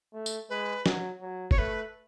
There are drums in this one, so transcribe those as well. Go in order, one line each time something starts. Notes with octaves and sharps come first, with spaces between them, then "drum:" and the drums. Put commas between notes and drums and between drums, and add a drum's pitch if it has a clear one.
A3
drum: tambourine
G#3 B4
F#3, drum: snare
F#3
C#5, drum: kick
A3 B4